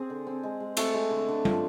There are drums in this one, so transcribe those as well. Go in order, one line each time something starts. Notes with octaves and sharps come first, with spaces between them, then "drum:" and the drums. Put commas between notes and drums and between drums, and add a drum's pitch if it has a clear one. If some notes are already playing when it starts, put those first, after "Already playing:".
Already playing: C4 G#4
D3
C4
G#3
G#3
A3 C4 A4, drum: cymbal
G#3
D3
D3
F3, drum: tom G3